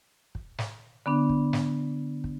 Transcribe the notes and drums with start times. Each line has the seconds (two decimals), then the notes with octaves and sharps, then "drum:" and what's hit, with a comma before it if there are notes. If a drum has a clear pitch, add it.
0.35 drum: kick
0.58 drum: snare
1.06 D3 B3 D4
1.29 drum: kick
1.53 drum: snare
2.24 drum: kick